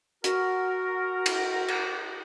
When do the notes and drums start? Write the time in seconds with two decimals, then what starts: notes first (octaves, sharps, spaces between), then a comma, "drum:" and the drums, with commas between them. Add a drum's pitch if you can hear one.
0.24 F#4 A#4, drum: hi-hat
1.26 drum: cymbal
1.68 drum: cymbal